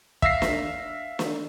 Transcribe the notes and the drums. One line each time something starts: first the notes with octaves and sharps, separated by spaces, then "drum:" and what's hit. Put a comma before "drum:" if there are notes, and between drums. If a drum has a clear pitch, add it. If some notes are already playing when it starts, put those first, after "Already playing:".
E5 F5 E6 A#6 C7, drum: kick
drum: snare
drum: snare